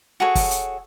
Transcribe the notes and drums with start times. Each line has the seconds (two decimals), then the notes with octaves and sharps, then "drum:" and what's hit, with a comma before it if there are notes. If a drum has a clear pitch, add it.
0.20 F#4 G#4 A4 C#5
0.35 drum: kick, open hi-hat
0.51 drum: hi-hat